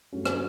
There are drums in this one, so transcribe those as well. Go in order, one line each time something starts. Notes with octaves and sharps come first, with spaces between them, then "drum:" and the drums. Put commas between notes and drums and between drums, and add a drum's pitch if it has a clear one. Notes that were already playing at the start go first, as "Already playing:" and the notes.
G2 F#3 A3 C#4 F#4
drum: rim click